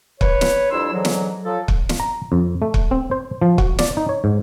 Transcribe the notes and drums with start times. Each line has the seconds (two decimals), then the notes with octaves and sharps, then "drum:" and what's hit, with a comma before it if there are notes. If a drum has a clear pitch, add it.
0.21 B4 C#5, drum: kick
0.41 drum: snare
0.72 F2 G3 D4 E4 C6 E6
0.93 G#2 D3 E3 F#3
1.05 drum: snare
1.44 F3 F#3 A4
1.68 drum: kick
1.89 drum: snare
2.00 A#5
2.32 F2
2.62 A3
2.74 drum: kick
2.91 C4
3.11 C5
3.42 F3
3.58 F#4, drum: kick
3.79 D5, drum: snare
3.97 D#4
4.09 C#5
4.24 G#2